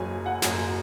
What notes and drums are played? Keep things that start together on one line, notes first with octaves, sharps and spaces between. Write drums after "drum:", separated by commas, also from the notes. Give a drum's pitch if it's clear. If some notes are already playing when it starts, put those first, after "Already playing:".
Already playing: F#1 F#2 F#3 C#5 G#5
F#5
F#1 F#2 F#3, drum: snare